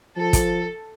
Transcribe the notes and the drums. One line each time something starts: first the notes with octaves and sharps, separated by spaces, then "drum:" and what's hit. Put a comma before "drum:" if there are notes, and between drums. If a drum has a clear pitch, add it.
F3 A4
drum: kick, hi-hat